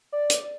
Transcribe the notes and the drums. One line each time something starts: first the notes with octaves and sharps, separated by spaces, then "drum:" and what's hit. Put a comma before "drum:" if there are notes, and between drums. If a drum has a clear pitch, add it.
D5
drum: hi-hat